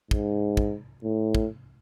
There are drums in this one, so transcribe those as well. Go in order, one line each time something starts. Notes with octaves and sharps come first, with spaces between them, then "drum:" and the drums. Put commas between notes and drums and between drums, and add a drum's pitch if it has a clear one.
G#2, drum: kick
drum: kick
A2
drum: kick